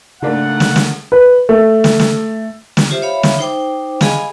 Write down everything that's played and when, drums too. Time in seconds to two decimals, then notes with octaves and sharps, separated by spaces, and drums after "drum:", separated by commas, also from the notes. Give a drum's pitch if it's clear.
0.22 G#2 C#3 A3 A#3 D4 F#5
0.60 drum: snare
0.76 drum: snare
1.12 B4
1.49 A3
1.84 drum: snare
1.99 drum: snare
2.77 drum: snare
2.91 F4 G4 C5 E5
3.02 C#5 E5 F5 B5
3.23 drum: snare
3.39 D#4 C5 G5 D6
4.01 G#4 D#5 F5 G#5 B5, drum: snare